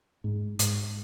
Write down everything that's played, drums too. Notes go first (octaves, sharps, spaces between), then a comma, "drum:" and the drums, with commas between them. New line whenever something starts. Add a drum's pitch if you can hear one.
G#2
G#2, drum: hi-hat